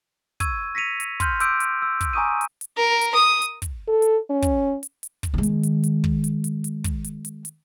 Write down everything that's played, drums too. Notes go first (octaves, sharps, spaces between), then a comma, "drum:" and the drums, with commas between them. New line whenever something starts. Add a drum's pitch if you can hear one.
C#6 E6 G#6 D#7, drum: kick, hi-hat
A#6 B6 C#7 D#7 F7
drum: hi-hat
C6 F6 G6, drum: kick, hi-hat
C6 D6 E6 G6 B6 D7, drum: hi-hat
drum: hi-hat
E6
drum: kick, hi-hat
G#5 A#5 C#6 D#6 G6 D#7
drum: hi-hat
drum: hi-hat
A#4
drum: hi-hat
D#6
drum: hi-hat
drum: kick, hi-hat
A4
drum: hi-hat
C#4
drum: kick, hi-hat
drum: hi-hat
drum: hi-hat
drum: kick, hi-hat
D#3 G#3
drum: hi-hat
drum: hi-hat
drum: hi-hat
drum: kick
drum: hi-hat
drum: hi-hat
drum: hi-hat
drum: kick, hi-hat
drum: hi-hat
drum: hi-hat
drum: hi-hat